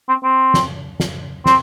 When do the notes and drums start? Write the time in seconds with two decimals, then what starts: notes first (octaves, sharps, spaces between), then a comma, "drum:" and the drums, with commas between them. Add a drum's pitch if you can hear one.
0.09 C4
0.24 C4
0.54 drum: snare
1.00 drum: snare
1.46 C4, drum: snare